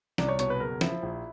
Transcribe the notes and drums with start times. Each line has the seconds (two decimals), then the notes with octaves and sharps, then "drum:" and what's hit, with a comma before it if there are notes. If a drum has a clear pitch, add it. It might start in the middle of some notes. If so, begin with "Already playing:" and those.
0.18 C2 D5, drum: snare
0.28 C#5
0.39 B2 C#5, drum: hi-hat
0.50 B4
0.60 F#1 A#4
0.81 F3 E4, drum: snare
1.03 A#1